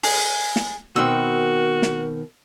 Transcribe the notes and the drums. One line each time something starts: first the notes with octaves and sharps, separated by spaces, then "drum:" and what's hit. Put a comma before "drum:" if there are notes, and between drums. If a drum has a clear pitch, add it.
G#4, drum: open hi-hat
drum: snare
B2 D#3 C4 F#4 A#4 E6
drum: snare